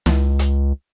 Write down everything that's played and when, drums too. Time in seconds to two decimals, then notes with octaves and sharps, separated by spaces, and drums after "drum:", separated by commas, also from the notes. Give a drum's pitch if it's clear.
0.06 C#2, drum: snare
0.39 drum: hi-hat